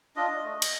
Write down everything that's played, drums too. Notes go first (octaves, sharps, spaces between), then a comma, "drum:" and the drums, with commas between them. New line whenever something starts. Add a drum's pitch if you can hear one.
D4 F4 D#5
A3
drum: cymbal